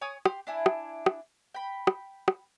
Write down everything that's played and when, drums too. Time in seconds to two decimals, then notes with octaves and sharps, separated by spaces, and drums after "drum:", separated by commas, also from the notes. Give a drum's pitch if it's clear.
0.01 C#5 G#5 C#6 D#6
0.25 G4 C6, drum: rim click
0.47 D4 E4 G#5
0.66 drum: rim click
1.06 drum: rim click
1.54 G5 B5
1.87 drum: rim click
2.28 drum: rim click